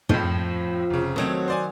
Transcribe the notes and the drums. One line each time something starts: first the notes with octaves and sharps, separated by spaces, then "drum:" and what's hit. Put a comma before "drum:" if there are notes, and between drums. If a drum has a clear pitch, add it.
F2 A2 F3, drum: tom
F1 C#3
D#3 F#3 A3 C4
C5 D5 G#5